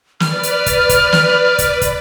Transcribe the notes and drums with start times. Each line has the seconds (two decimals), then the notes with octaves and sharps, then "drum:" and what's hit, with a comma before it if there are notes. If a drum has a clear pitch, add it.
0.20 B4 D5 F6, drum: snare
0.43 drum: hi-hat
0.66 drum: kick, hi-hat
0.89 drum: kick, hi-hat
1.12 drum: snare
1.58 drum: kick, hi-hat
1.82 drum: kick, hi-hat